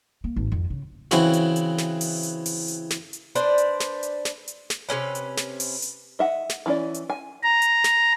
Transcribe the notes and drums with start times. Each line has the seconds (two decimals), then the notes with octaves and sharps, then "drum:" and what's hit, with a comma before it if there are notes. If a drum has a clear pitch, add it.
0.24 A#3
0.36 G#1
0.52 F2
0.70 C#3
1.11 C#3 E3 C4 F#4, drum: snare
1.33 drum: hi-hat
1.56 drum: hi-hat
1.78 drum: snare
2.01 drum: open hi-hat
2.23 drum: hi-hat
2.46 drum: open hi-hat
2.68 drum: hi-hat
2.90 drum: snare
3.13 drum: hi-hat
3.35 D4 B4 C5 D5, drum: hi-hat
3.58 drum: hi-hat
3.80 drum: snare
4.03 drum: hi-hat
4.25 drum: snare
4.48 drum: hi-hat
4.70 drum: snare
4.89 C3 G#3 C#4 B4
5.15 drum: hi-hat
5.37 drum: snare
5.60 drum: open hi-hat
5.82 drum: hi-hat
6.19 D#5 E5 F#5
6.50 drum: snare
6.66 E3 C#4 D5
6.94 drum: hi-hat
7.10 G#5
7.43 A#5
7.62 drum: hi-hat
7.84 drum: snare